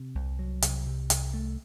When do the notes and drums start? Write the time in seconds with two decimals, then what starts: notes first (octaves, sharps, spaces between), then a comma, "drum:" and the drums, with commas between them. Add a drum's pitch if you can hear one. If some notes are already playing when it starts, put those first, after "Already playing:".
Already playing: C3
0.15 C2
0.39 F#3
0.62 C2, drum: hi-hat
0.86 C3
1.10 C2, drum: hi-hat
1.33 A3